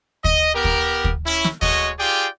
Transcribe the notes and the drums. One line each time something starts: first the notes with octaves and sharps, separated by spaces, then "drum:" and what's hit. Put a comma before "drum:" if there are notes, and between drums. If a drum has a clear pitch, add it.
D#5, drum: kick
B3 G4 A#4
drum: kick
drum: kick
C#4 E4
drum: snare
G#3 A3 F#4 C#5 D#5, drum: kick
F4 G4 G#4 D5 G5